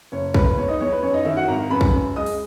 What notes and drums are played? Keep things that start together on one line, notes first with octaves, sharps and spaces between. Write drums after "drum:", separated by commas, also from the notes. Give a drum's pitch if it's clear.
F#1 C#5
F#1 B4, drum: kick
E2 C#5
D#4 D#5
E2 C#5
B4
F#2 C#5
D#4 D#5
D#3 E4 E5
F#4 F#5
G#1 A#4 A#5
F#2 B4 B5
drum: kick
F#2
G#3 D#5 D#6
drum: open hi-hat